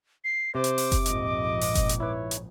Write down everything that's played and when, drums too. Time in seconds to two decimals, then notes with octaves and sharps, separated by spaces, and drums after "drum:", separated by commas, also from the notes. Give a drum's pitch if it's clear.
0.24 C7
0.55 C3 C5 D6
0.64 drum: hi-hat
0.78 drum: open hi-hat
0.92 drum: kick F#1, hi-hat
1.06 A#1 F2 G#2 D#5, drum: hi-hat
1.61 drum: open hi-hat
1.75 drum: kick F#1, hi-hat
1.89 drum: hi-hat
2.00 E4 B4 C#5
2.31 drum: hi-hat